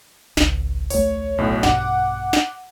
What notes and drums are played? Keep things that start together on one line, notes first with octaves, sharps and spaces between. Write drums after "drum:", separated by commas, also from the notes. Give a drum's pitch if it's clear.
G#1 C#2, drum: snare
D1 A#1 A3 C#5, drum: open hi-hat
B1 A2
A#1 G2 B2 F#5 D6, drum: snare
drum: snare